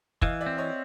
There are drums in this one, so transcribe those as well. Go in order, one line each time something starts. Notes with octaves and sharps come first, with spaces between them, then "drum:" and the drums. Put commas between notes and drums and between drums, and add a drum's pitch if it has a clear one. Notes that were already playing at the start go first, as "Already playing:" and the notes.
E3 D#5 F5, drum: kick
D5 E5
C4
C#5 D#5